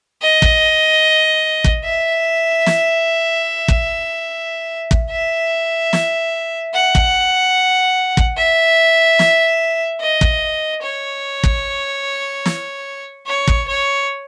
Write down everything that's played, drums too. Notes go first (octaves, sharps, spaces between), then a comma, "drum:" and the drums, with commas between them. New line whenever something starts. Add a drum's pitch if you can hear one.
D#5
drum: kick
drum: kick
E5
drum: snare
drum: kick
drum: kick
E5
drum: snare
F#5
drum: kick
drum: kick
E5
drum: snare
D#5
drum: kick
C#5
drum: kick
drum: snare
C#5
drum: kick
C#5